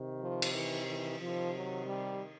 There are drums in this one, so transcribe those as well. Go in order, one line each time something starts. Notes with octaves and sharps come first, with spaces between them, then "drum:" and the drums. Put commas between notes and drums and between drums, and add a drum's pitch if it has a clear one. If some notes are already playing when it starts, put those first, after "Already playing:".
Already playing: C3 D#3
F3
drum: cymbal
E3
E3
C3 D#3 F3
F#3
G3